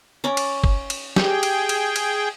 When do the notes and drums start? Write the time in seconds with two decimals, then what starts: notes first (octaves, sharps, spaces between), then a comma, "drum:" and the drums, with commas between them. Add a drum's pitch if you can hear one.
0.24 C#4 A#4 D5
0.37 drum: cymbal
0.64 drum: kick
0.90 drum: cymbal
1.16 G4 G#4 G5, drum: snare
1.43 drum: cymbal
1.69 drum: cymbal
1.96 drum: cymbal